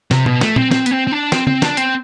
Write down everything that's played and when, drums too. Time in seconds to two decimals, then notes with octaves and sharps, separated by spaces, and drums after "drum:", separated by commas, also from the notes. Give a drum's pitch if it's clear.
0.11 C3, drum: snare
0.26 B2, drum: tom A2
0.41 A3, drum: snare
0.56 C4, drum: tom A#2
0.71 C4, drum: snare
0.86 B3, drum: hi-hat
0.91 C4
1.07 C4
1.12 D4
1.32 C4, drum: snare
1.47 C4, drum: tom
1.62 D4, drum: snare
1.77 C4, drum: hi-hat